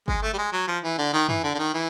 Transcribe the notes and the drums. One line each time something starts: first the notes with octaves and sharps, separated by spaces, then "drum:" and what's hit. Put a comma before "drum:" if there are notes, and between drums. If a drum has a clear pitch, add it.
G#3, drum: kick G1
A3
G3
G#3
F#3
F3
E3
D3
D#3
E3, drum: tom
D3
D3
D#3
E3